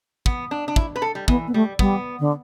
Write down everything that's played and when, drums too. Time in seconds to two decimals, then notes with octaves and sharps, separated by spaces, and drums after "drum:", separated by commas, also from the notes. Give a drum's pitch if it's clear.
0.26 B3, drum: kick
0.51 D4
0.68 D4
0.76 E4, drum: kick
0.96 B4
1.02 A4
1.15 G3
1.28 E3 B3, drum: kick
1.47 B3
1.54 G3 A3
1.79 G3 B3, drum: kick
2.20 D3